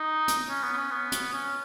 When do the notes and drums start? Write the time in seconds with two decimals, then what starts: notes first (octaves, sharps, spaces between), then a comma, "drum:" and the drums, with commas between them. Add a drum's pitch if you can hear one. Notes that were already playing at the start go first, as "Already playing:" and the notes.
Already playing: D#4
0.28 drum: hi-hat
0.49 C#4
0.63 B3
0.73 B3
0.77 C#4
0.91 B3
1.12 drum: hi-hat
1.33 C#4